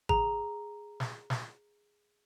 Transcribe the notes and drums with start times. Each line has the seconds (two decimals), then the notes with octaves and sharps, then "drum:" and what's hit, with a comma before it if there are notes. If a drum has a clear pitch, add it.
0.09 G#4 A#5, drum: kick G#1
1.00 drum: snare
1.30 drum: snare